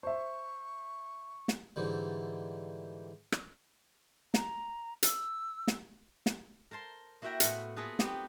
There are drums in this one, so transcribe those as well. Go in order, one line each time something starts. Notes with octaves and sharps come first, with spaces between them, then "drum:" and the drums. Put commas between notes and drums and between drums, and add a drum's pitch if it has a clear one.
C5 E5 C#6
drum: snare
G#2 D3 E3 G3
drum: rim click
A#5, drum: snare
E6, drum: hi-hat
drum: snare
drum: snare
A#4 C5 A5 C6
A#3 E4 F#4 E5 G5 A#5
A2 B3 E4 C5 F#5, drum: hi-hat
A#3 B3 F4 G#4 A4 B4
B3 C4 D#4 G4 B4, drum: snare